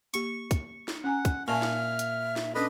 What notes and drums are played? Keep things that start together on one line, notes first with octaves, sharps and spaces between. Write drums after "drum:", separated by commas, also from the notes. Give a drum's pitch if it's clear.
A#3 G4 C#6, drum: hi-hat
drum: kick, hi-hat
drum: snare
C#4 F#5 G#5 A#5
drum: kick, hi-hat
A#2 E5 G#5 A5 C#6 F6
drum: snare
drum: hi-hat
drum: snare
C#4 D4 A4 B4 D#5 B5